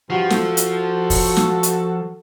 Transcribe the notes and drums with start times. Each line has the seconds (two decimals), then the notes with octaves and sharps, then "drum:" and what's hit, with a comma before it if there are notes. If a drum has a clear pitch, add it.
0.10 G2 F3 F#4
0.30 F#4 A4, drum: snare
0.57 drum: hi-hat
1.10 drum: kick, open hi-hat
1.37 drum: snare
1.63 drum: hi-hat